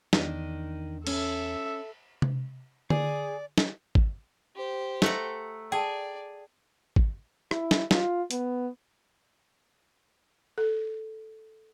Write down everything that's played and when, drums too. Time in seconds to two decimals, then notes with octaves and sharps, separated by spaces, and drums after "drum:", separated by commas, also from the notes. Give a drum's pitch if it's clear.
0.13 E2 D#3 D4, drum: snare
1.07 C#4 A4 E5, drum: cymbal
2.22 drum: tom C3
2.90 G#4 D5, drum: tom D3
3.58 drum: snare
3.95 drum: kick
4.56 G4 C5
5.02 A3 F#5 A#5, drum: snare
5.72 G#4 D5 G5 A5
6.96 drum: kick
7.51 E4, drum: rim click
7.71 drum: snare
7.91 F4, drum: snare
8.31 B3, drum: hi-hat
10.58 A4